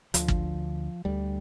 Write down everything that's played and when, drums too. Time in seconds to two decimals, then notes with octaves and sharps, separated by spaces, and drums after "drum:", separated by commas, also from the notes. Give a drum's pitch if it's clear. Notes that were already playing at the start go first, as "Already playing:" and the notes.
0.14 D2 D3 F3, drum: hi-hat
0.28 drum: kick
1.05 D2 D3 G3